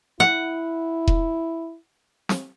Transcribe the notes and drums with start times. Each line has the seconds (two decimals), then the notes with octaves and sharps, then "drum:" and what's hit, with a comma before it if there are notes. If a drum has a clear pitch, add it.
0.20 E4 F#5
1.08 drum: kick E1
2.29 drum: snare